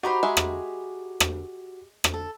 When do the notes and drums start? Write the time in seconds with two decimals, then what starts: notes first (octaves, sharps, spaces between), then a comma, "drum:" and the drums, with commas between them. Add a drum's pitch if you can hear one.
0.03 D#4 F#4 G4 C5 A#5 B5
0.23 G#3 G#4 E5
0.37 drum: rim click
1.20 drum: rim click
2.04 drum: rim click
2.14 A4